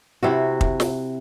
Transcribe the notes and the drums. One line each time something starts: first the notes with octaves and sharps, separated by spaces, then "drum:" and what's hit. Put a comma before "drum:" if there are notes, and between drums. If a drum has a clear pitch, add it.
C3 E4 F#4
drum: kick
drum: snare